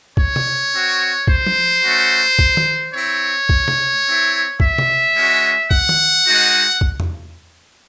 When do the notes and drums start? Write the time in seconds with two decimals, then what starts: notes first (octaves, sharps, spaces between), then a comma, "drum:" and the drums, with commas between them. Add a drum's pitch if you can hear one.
0.17 C#5, drum: kick
0.36 drum: tom
0.73 C4 F#4
1.27 C5, drum: kick
1.47 drum: tom
1.84 A3 C#4 F#4
2.39 drum: kick
2.57 drum: tom
2.94 C4 E4 C#5
3.49 drum: kick
3.68 drum: tom
4.05 C4 E4
4.60 E5, drum: kick
4.78 drum: tom
5.15 G#3 C#4 F#4
5.71 F#5, drum: kick
5.89 drum: tom
6.26 G#3 D#4 F#4
6.81 drum: kick
7.00 drum: tom E2